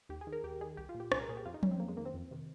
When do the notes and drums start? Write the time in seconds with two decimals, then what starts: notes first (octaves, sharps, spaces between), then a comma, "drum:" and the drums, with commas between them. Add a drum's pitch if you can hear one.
0.09 D#2 G4
0.21 G#4
0.27 D#3
0.32 A#4
0.44 D#2 G4
0.61 D#3 G#4
0.77 C2 G4
0.89 F4
0.94 A#2
1.00 G4
1.12 C2 G#4, drum: rim click
1.20 A#4
1.29 A#2 G#4
1.37 G4
1.45 F2 F4
1.54 D#4
1.63 D#3 C#4, drum: tom F3
1.71 C4
1.80 F2 A#3
1.88 G#3
1.97 D#3 A#3
2.05 C4
2.14 F2
2.31 C3 D#3